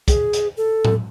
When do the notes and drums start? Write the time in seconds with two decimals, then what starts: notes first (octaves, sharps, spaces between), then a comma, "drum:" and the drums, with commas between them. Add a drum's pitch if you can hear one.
0.08 G#4, drum: kick, hi-hat
0.33 drum: hi-hat
0.57 A4
0.85 drum: tom A2